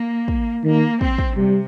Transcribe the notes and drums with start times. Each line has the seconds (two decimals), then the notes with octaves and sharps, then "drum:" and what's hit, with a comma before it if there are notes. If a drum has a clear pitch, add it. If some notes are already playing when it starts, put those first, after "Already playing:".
Already playing: A#3
0.28 drum: kick
0.64 D#3 A#3
1.01 C4, drum: kick
1.18 drum: kick
1.37 C3 G3